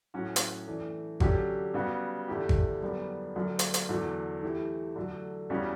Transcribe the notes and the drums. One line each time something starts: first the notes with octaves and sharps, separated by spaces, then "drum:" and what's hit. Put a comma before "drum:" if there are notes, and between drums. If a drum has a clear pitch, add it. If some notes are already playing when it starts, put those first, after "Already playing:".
A2 F#3 C#4 F#4
drum: hi-hat
E3 A3 D4
D3 F#3 C#4 G4, drum: kick G#1
C#3 G3 B3 F#4
E2 D3 A3 E4 G4
drum: kick G#1
F#2 D3 G3 B3
F#2 D3 F#3
drum: hi-hat
drum: hi-hat
E2 D3 F#3
E3 A3 E4 G4
D3 F#3 A3
E2 C#3 G3 C#4 F#4